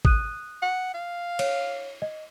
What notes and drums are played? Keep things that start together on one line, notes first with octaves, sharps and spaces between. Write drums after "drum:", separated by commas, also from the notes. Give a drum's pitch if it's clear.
D#6 F#6 D#7, drum: kick A1
F#5
F5
C#5, drum: cymbal
D#5